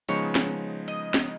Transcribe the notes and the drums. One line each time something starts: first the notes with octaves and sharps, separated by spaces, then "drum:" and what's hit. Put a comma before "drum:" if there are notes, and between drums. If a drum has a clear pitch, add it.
C#3 F3 G#3 B3 D#4 C#5, drum: hi-hat
drum: snare
D#5, drum: hi-hat
drum: snare